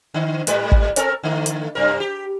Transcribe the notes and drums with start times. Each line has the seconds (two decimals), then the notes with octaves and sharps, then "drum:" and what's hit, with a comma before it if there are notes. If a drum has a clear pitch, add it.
0.14 D3
0.47 G#2 G3 B4, drum: hi-hat
0.72 drum: kick
0.96 C4 A4 A#4, drum: hi-hat
1.23 D3 A3
1.46 drum: hi-hat
1.75 F#2 C3 A#4
2.00 G4